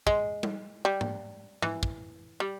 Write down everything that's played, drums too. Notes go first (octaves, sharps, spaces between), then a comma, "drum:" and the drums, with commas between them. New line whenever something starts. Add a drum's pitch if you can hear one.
G#3, drum: kick
drum: tom G3
G3
drum: tom G#2
E3, drum: tom G#2
drum: kick
G3